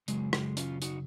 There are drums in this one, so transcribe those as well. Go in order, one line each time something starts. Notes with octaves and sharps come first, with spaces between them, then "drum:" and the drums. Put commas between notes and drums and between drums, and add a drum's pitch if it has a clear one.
F#2 C#3 F#3 G#3, drum: hi-hat
G#3, drum: rim click
C#4 F4, drum: hi-hat
D#4 F#4, drum: hi-hat